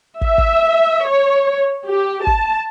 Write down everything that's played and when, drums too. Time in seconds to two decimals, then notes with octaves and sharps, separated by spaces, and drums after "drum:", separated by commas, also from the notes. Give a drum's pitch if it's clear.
0.21 E5, drum: kick
0.38 drum: kick
1.06 C#5
1.88 G4
2.27 A5, drum: kick